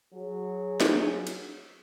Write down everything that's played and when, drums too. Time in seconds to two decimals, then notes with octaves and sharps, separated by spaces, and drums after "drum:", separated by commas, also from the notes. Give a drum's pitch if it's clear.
0.13 F#3 G#4
0.81 drum: snare
1.27 drum: cymbal